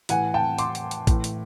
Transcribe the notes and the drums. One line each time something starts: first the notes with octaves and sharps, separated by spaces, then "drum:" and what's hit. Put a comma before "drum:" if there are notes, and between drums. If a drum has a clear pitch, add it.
A2 E3 F#5 G#5, drum: hi-hat
G5 A5
C6 D6, drum: hi-hat
drum: hi-hat
drum: hi-hat
A2 E3, drum: kick A1, hi-hat
drum: hi-hat